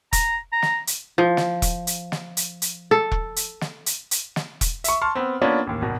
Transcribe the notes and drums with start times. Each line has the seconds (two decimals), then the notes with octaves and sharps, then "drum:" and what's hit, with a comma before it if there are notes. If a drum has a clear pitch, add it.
0.13 A#5, drum: kick E1, hi-hat
0.52 A#5
0.62 drum: snare
0.87 drum: hi-hat
1.18 F3
1.37 drum: snare
1.62 drum: kick E1, hi-hat
1.87 drum: hi-hat
2.12 drum: snare
2.37 drum: hi-hat
2.62 drum: hi-hat
2.91 A4
3.12 drum: kick E1
3.36 drum: hi-hat
3.61 drum: snare
3.86 drum: hi-hat
4.11 drum: hi-hat
4.36 drum: snare
4.61 drum: kick E1, hi-hat
4.84 E5 C#6, drum: hi-hat
5.01 A5 C6 C#6 F6
5.15 B3 C4
5.42 A#3 B3 C#4 D4 F4
5.67 A1 D#2
5.81 G#1 B2